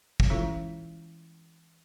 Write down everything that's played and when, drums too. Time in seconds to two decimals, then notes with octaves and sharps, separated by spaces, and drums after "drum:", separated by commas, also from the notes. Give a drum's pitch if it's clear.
0.20 drum: kick
0.30 E3 G#3 C#4 E4 F4 A4